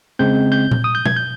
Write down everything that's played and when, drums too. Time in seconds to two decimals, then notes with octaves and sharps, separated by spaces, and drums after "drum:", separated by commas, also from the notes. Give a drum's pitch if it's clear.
0.19 C#3 G#3 C4 G6
0.52 G6
0.71 drum: tom A#2
0.84 D#6
0.95 G6
1.06 G#6, drum: tom B2
1.16 G6